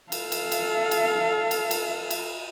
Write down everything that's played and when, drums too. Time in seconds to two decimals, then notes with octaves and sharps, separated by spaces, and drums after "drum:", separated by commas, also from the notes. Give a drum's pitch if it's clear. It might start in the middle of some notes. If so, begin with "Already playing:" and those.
0.12 A4 F5, drum: cymbal
0.32 drum: cymbal
0.52 drum: cymbal
0.91 drum: cymbal
1.51 drum: cymbal
1.71 drum: cymbal
2.10 drum: cymbal